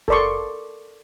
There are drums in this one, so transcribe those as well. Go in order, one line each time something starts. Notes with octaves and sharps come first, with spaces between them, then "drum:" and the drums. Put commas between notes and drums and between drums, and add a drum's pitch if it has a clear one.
A4 A#4 D5 C6 C#6, drum: kick F#1